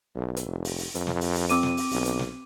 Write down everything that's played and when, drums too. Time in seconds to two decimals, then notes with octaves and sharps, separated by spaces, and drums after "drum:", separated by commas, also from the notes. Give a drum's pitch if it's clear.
0.15 B1
0.37 drum: hi-hat
0.46 F1
0.65 drum: open hi-hat
0.79 drum: open hi-hat
0.95 F2, drum: hi-hat
1.07 drum: snare
1.21 drum: open hi-hat
1.35 drum: open hi-hat
1.49 C4 D6 D#7, drum: hi-hat
1.63 drum: snare
1.77 drum: open hi-hat
1.91 B1, drum: open hi-hat
2.05 drum: hi-hat
2.19 drum: snare